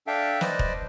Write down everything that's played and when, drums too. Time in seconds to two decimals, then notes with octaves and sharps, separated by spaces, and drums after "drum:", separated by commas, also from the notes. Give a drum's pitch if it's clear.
0.07 D4 A4 E5 F5 G5
0.41 B4 C5 D5 D#5, drum: snare
0.59 drum: kick E1